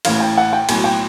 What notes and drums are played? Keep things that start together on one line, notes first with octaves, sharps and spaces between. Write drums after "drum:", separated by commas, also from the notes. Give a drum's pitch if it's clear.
A1 A2 E3 F5, drum: cymbal
G5
F#5
G5
B1 A2 F#3 G#5, drum: cymbal
G5